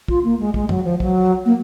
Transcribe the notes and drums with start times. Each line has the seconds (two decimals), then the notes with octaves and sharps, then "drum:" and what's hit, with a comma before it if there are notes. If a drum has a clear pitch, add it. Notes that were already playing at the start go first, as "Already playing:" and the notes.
0.08 F4, drum: kick
0.24 A#3
0.39 G#3
0.54 G#3, drum: kick
0.69 F#3, drum: tom F#2
0.84 F3
1.00 F#3, drum: kick
1.45 A#3